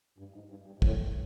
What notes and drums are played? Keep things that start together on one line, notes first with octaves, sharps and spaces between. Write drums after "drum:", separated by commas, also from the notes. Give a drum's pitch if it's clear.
G2
G#2
G2
G2
G#2
A2, drum: kick